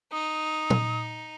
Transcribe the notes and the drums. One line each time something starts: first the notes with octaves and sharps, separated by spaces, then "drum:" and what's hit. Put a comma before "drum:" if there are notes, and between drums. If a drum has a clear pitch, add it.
D#4 D#6
drum: tom